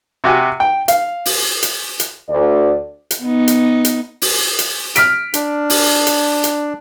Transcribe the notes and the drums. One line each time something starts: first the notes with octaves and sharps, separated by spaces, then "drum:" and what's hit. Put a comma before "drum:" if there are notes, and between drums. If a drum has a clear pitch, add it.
C3 F#4 G4 G#5
G5
F5, drum: hi-hat
drum: open hi-hat
drum: hi-hat
drum: hi-hat
D2 D5
drum: hi-hat
B3 D#4
drum: hi-hat
drum: hi-hat
drum: open hi-hat
drum: hi-hat
F6 B6 D7, drum: hi-hat
D4, drum: hi-hat
drum: open hi-hat
drum: hi-hat
drum: hi-hat